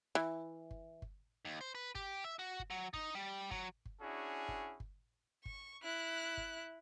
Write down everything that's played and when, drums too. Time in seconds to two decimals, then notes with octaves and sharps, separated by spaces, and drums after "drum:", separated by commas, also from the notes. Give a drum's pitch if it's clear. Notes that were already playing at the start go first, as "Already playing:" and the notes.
0.15 E3
0.71 drum: kick G1
1.02 drum: kick G1
1.45 D#2
1.61 C5
1.75 B4
1.95 G4, drum: kick G1
2.24 E5
2.39 F#4
2.60 drum: kick G1
2.70 F#3
2.94 D#4, drum: kick G1
3.15 G3
3.51 F#3, drum: kick G1
3.85 drum: kick G1
4.01 C#4 D4 E4 F#4 G#4
4.48 drum: kick G1
4.80 drum: kick G1
5.45 C#6, drum: kick G1
5.83 E4 F#6
6.37 drum: kick G1